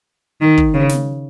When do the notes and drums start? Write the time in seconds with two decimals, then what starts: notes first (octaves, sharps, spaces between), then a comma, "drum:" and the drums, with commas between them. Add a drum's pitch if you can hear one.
0.41 D#3
0.57 drum: kick
0.74 C#3
0.89 drum: snare